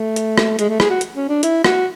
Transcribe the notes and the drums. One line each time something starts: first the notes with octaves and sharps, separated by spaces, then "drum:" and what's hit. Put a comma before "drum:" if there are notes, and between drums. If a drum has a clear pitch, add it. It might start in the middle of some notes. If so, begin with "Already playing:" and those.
Already playing: A3
drum: hi-hat
drum: rim click
G#3, drum: hi-hat
A3
G#4, drum: rim click
F#4
drum: hi-hat
C#4
D4
E4, drum: hi-hat
F#4, drum: rim click